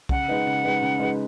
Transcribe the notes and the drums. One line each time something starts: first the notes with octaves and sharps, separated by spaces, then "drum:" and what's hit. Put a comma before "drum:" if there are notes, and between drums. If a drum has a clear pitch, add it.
C#3 F#5, drum: kick
G#3 D#4 B4
C#3
G#3 D#4 B4
C#3
G#3 D#4 B4